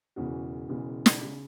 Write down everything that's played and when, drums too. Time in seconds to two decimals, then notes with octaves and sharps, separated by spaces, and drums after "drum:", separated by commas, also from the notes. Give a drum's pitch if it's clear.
0.16 E1 E2 C#3 F#4
0.69 E1 E2 C#3
1.06 drum: snare
1.22 C#3